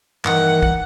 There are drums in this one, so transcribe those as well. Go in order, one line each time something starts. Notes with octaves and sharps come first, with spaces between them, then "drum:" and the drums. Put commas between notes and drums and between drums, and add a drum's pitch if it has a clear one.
G2 D#3 E3 F#5, drum: clap
drum: kick